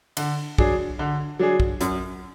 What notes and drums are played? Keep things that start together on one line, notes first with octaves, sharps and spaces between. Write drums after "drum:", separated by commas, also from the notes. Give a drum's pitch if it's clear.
D3, drum: cymbal
F#3 D4 G#4, drum: kick
D3
F#3 D4 G#4
drum: kick
F#2, drum: hi-hat